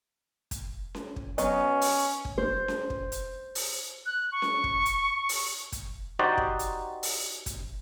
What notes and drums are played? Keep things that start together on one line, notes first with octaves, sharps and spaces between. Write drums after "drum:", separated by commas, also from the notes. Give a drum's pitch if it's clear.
drum: kick, hi-hat
drum: snare C#4
drum: kick
F#3 B3 C#4 D#5, drum: hi-hat
drum: open hi-hat
drum: kick
C5
drum: snare C#4
drum: kick
drum: hi-hat
drum: open hi-hat
F#6
C#6
drum: snare C#4
drum: kick
drum: hi-hat
drum: open hi-hat
drum: kick, hi-hat
D#4 F#4 G4 C5 D5
drum: kick
drum: hi-hat
drum: open hi-hat
drum: kick, hi-hat